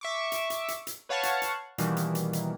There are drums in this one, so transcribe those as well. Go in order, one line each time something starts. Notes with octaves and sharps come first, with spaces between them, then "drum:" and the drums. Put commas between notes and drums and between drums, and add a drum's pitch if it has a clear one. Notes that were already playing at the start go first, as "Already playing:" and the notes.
E5 C#6 D6
drum: hi-hat
drum: hi-hat
drum: hi-hat
drum: hi-hat
B4 C#5 F5 F#5 A5 C#6
drum: hi-hat
drum: hi-hat
B2 D#3 E3 G3 A#3, drum: hi-hat
drum: hi-hat
drum: hi-hat
drum: hi-hat